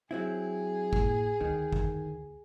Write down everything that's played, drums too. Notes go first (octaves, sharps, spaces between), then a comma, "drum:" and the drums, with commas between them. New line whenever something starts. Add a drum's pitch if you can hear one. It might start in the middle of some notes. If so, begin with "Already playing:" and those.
F#3 C4 E4 G#4
A2 A#3, drum: kick
D2 D#3
drum: kick